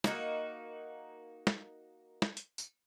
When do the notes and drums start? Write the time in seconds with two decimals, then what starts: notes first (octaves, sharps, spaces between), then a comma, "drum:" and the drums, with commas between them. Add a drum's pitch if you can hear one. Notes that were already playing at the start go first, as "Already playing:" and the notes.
0.04 A#3 D#4 F#4, drum: snare
1.47 drum: snare
2.22 drum: snare
2.37 drum: hi-hat
2.58 drum: tambourine